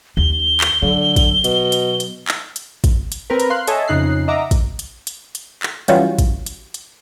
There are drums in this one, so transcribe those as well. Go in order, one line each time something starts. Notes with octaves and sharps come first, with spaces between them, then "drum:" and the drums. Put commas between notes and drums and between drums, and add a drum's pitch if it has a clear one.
D#2 G7
drum: clap
D3 F#3
drum: kick, hi-hat
B2, drum: hi-hat
drum: hi-hat
drum: hi-hat
drum: clap
drum: hi-hat
drum: kick, hi-hat
drum: hi-hat
C4 A#4 B4
drum: hi-hat
F5 C6 F#6
A4 C#5 D#5 E5 G#5 A5, drum: hi-hat
F2 C#3 D#4 F#6 C7
D#5 E5 F#5 A#5 D6
drum: kick, hi-hat
drum: hi-hat
drum: hi-hat
drum: hi-hat
drum: clap
E3 F#3 G3 C#4 F4 F#4, drum: hi-hat
drum: kick, hi-hat
drum: hi-hat
drum: hi-hat